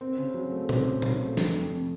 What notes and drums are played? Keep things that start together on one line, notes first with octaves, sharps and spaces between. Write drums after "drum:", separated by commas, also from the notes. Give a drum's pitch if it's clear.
C4
C#3
F#3
A3
C4, drum: tom A#2
C#3
F#3, drum: tom A#2
A3
A3, drum: snare
F2
C3